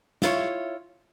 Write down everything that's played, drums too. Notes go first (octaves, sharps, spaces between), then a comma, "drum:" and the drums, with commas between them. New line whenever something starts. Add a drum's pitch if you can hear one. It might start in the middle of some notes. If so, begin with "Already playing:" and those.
E4 F4 C5 C#5, drum: snare